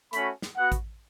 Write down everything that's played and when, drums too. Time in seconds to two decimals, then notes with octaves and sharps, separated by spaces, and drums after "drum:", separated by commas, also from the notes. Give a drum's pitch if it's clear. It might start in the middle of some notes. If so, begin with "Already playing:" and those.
0.13 A3 C#4 F#4 B5, drum: hi-hat
0.42 drum: snare
0.57 B3 F#4 F#5
0.72 drum: kick A1, hi-hat